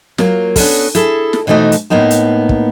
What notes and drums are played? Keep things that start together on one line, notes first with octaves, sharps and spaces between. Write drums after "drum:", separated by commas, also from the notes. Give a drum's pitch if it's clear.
F#3 A#3 F4, drum: snare
B3 C#4 D4 F#4 A4, drum: kick, open hi-hat
E4 G#4 A4 A5, drum: hi-hat
drum: snare
B2 E3 F3 A3 D#4 F#4
drum: hi-hat
A2 A#3 B3 D#4 A5
drum: hi-hat
drum: kick